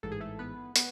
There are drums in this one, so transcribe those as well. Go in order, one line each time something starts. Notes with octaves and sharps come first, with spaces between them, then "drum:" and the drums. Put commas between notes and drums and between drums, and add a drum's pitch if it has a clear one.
A1 G#2 E3 A4
G#4
A3 A4
B3 B4
B3 B4, drum: hi-hat